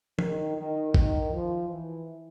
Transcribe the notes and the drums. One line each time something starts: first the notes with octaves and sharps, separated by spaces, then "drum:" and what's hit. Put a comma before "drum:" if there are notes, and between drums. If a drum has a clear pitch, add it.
D#3, drum: tom F3
D#3
D#3, drum: kick
F3
E3